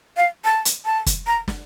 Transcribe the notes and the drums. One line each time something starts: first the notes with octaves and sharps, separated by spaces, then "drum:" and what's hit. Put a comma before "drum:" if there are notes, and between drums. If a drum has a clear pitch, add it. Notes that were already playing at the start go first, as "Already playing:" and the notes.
F5
A5
drum: hi-hat
A5
drum: kick, hi-hat
A#5
drum: snare